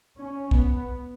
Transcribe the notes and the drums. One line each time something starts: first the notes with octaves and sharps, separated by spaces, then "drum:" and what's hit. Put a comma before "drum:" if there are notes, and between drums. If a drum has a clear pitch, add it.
C#4
B3, drum: kick